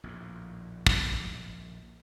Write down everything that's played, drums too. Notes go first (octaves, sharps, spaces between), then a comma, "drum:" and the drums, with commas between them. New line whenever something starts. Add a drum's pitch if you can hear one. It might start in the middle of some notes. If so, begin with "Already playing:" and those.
A#1 D#2 A2
drum: kick